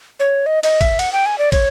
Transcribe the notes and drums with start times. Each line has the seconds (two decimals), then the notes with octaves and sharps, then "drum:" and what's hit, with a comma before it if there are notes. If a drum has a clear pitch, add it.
0.20 C#5
0.46 D#5
0.63 D#5, drum: cymbal
0.81 E5, drum: kick, cymbal
0.99 F#5, drum: cymbal
1.12 G5
1.26 G#5
1.38 D5
1.52 C#5, drum: kick, cymbal